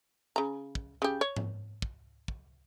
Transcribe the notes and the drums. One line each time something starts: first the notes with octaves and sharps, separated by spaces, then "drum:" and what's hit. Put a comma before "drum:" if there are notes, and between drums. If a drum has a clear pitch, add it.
C#3 A#5
drum: kick
C#3 G4
C#5
drum: tom G#2
drum: kick
drum: kick